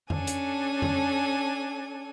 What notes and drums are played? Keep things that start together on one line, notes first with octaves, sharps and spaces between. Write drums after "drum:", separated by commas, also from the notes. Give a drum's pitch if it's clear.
C#4 D4 A4 G#5, drum: tom F2
drum: hi-hat
drum: tom F2